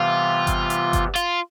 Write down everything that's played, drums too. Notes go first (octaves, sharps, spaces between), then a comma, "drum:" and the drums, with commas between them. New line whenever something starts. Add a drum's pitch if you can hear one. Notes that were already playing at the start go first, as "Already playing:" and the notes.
Already playing: C3 E3 G3 B3 F4
drum: kick G1, hi-hat
drum: hi-hat
drum: kick G1, hi-hat
F4, drum: hi-hat